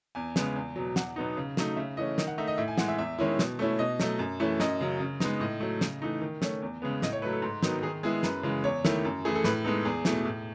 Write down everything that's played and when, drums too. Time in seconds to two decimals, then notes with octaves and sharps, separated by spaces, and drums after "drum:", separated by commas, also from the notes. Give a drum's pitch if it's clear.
0.15 E2 G#5
0.36 C#3 G#3 B3, drum: snare
0.56 E2
0.76 B2 F#3
0.96 E2 F#5, drum: snare
1.16 B2 F#3 B3 D#4
1.37 C#3
1.57 F#3 A3 D#4, drum: snare
1.76 C#3 E5
1.97 E3 A3 C#4 D#5
2.18 D#3 D#5, drum: snare
2.27 F#5
2.38 A3 D#4 E5
2.47 D#5
2.58 A2 E5
2.68 G#5
2.78 E3 G#3 F#5, drum: snare
2.88 E5
2.98 E2 E5
3.18 D#3 G#3 C#4 E4
3.39 B2, drum: snare
3.59 A3 C#4 E4
3.79 B2 D#5
4.00 F#3 A3, drum: snare
4.19 F#2
4.40 E3 A3 C#4 E4
4.60 F#2 D#5, drum: snare
4.81 C#3 F#3
5.00 C#3
5.20 G#3 B3 D#4, drum: snare
5.40 A2 D#5
5.60 F#3 A3
5.81 C#3, drum: snare
6.02 E3 A3 D#4
6.21 D#3
6.42 A3 C#4, drum: snare
6.62 E2
6.82 C#3 G#3 B3
7.02 A2 D#5, drum: snare
7.12 C#5
7.22 F#3 A3 B4
7.33 A4
7.42 G#2
7.63 D#3 F#3 B3 D#4, drum: snare
7.83 D#3 G#4
8.03 G#3 B3 E4 G#4
8.23 F#2 B4, drum: snare
8.43 C#3 E3 G#3
8.64 E2 C#5
8.85 D#3 A3 E4, drum: snare
9.05 F#2
9.25 E3 A3 E4 G#4
9.35 A4
9.44 A2 B4, drum: snare
9.65 G#3 B3 D#4 A4
9.85 E2 G#4
10.05 B2 A3 E4, drum: snare
10.25 A2